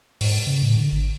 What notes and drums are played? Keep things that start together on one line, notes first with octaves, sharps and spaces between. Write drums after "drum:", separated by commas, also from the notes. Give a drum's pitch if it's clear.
G#2, drum: open hi-hat
C#3
A2
D3
G#1